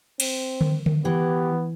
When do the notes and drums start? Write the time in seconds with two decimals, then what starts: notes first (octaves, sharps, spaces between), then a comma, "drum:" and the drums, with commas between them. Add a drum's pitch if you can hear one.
0.20 C4, drum: cymbal
0.61 drum: tom D3
0.86 drum: tom D3
1.05 E3 B3 G4